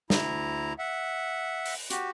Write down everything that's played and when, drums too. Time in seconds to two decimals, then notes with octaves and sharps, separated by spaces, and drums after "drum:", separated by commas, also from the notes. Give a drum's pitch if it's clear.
0.10 D2 E4 A#5, drum: snare
0.79 E5 F#5
1.66 drum: open hi-hat
1.90 F#4 G4, drum: hi-hat